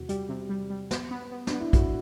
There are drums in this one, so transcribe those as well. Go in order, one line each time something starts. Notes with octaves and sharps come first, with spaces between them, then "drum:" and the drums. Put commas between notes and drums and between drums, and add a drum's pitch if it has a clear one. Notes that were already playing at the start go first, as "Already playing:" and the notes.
Already playing: E2 C3 F#4
G3 G4, drum: hi-hat
C3
G3
G3
B3, drum: snare
B3
B3
D4, drum: snare
B3
E4
A2 F#4, drum: kick A#1, hi-hat